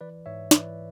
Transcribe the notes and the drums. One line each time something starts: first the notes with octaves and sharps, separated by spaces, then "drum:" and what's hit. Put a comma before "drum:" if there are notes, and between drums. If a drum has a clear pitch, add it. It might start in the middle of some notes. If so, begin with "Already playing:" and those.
E3 B4 D5
G#2 C#5 E5
E3 B4 D5, drum: snare